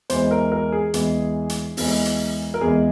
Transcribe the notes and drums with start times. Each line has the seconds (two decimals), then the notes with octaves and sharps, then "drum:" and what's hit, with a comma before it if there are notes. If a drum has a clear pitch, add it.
0.10 E2 E3 G#3 C5, drum: hi-hat
0.31 A#4
0.52 A#4
0.72 G#4
0.94 E2 E3 G#3, drum: hi-hat
1.49 drum: hi-hat
1.77 E2 E3 G#3, drum: open hi-hat
2.05 drum: hi-hat
2.54 A#4
2.61 E2 E3 G#3 G#4